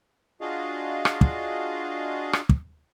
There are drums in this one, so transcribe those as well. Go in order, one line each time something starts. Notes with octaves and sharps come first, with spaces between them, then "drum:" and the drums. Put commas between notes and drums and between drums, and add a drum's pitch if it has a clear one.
D4 F4 F#4 G#4 D#5 F5
drum: rim click
drum: kick
drum: rim click
drum: kick